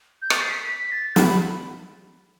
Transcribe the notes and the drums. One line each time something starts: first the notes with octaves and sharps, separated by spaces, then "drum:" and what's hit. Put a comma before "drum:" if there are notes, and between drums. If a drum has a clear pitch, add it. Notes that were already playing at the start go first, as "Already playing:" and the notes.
G6
A6, drum: rim click
C7
B6
B6
A6
B5, drum: snare